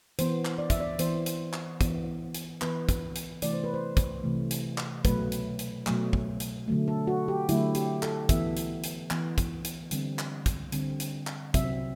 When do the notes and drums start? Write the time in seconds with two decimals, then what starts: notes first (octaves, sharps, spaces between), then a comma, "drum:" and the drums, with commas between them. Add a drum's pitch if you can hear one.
0.19 E3 B3 C5, drum: hi-hat
0.45 drum: clap
0.58 D5
0.70 E5, drum: kick, hi-hat
0.80 D5
0.99 E3 B3 C5, drum: hi-hat
1.26 drum: hi-hat
1.53 drum: clap
1.81 E3 B3, drum: kick, hi-hat
2.34 drum: hi-hat
2.62 E3 B3 B4, drum: clap
2.89 drum: kick, hi-hat
3.16 drum: hi-hat
3.42 C3 E3 A3 D5, drum: hi-hat
3.53 C5
3.64 B4
3.74 C5
3.97 drum: kick, hi-hat
4.24 C3 E3 A3
4.51 drum: hi-hat
4.78 drum: clap
5.05 B2 F#3 A3 B4, drum: kick, hi-hat
5.32 drum: hi-hat
5.59 drum: hi-hat
5.87 B2 F#3 A3, drum: clap
6.13 drum: kick
6.40 drum: hi-hat
6.68 D3 F#3 A3
6.88 A4
7.07 F#4
7.28 G4
7.49 D3 F#3 A3 E4, drum: hi-hat
7.75 G4, drum: hi-hat
8.03 A4, drum: clap
8.29 E3 B3 E5, drum: kick, hi-hat
8.57 drum: hi-hat
8.84 drum: hi-hat
9.11 E3 B3, drum: clap
9.38 drum: kick, hi-hat
9.65 drum: hi-hat
9.91 D3 G3 C4, drum: hi-hat
10.19 drum: clap
10.46 drum: kick, hi-hat
10.72 D3 G3 C4, drum: hi-hat
11.00 drum: hi-hat
11.27 drum: clap
11.54 C3 F#3 C4 E5, drum: kick, hi-hat